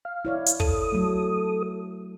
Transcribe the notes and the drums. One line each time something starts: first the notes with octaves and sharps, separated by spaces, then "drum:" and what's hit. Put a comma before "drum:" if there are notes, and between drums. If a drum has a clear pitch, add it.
F5
E4 C#5 D5
drum: hi-hat
A4 D#6, drum: kick
F#3 A3